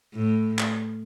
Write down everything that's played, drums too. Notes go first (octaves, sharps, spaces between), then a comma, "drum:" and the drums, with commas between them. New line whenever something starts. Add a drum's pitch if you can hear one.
A2
drum: clap